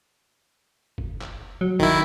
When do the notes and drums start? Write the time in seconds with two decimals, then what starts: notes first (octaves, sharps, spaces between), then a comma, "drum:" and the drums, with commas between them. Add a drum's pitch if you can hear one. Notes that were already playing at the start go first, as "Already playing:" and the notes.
0.98 drum: kick
1.21 drum: clap
1.61 F#3
1.79 D#3 E4, drum: kick